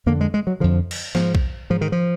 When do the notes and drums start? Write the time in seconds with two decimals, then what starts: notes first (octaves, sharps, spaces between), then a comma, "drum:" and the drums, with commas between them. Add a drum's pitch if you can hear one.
0.06 F2 D3 A#3
0.21 G#3
0.34 G#3
0.47 F#3
0.60 F2 D3 F3
0.91 drum: cymbal
1.15 G#2 F3, drum: snare
1.35 drum: kick A#1
1.70 G#2 F3
1.81 D#3
1.92 F3